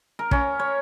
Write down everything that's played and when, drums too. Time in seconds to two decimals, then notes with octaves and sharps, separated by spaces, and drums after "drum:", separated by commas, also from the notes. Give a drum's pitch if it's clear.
0.19 A#4
0.31 C#4, drum: kick
0.59 C#5